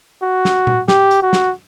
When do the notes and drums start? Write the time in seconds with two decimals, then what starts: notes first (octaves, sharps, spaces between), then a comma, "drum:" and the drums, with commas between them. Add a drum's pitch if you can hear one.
0.23 F#4
0.45 drum: snare
0.67 drum: tom A#2
0.88 G4, drum: snare
1.11 drum: hi-hat
1.22 F#4
1.33 drum: snare